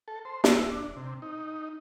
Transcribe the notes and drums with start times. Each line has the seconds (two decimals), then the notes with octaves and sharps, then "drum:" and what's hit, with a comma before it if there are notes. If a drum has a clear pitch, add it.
0.08 A4
0.25 C5
0.44 E4, drum: snare
0.71 D4
0.96 C3
1.22 D#4